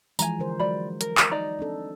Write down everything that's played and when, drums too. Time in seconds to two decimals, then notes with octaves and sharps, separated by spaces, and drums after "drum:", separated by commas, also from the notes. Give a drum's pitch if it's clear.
0.19 E3 F3 G#3 G#5 A#5, drum: tambourine
0.39 D3 A#4 C5
0.60 F#3 G#3 F#4 D5 B5
1.01 A#4, drum: hi-hat
1.17 drum: clap
1.31 D#4 D5 A#5
1.59 C4 D4 A4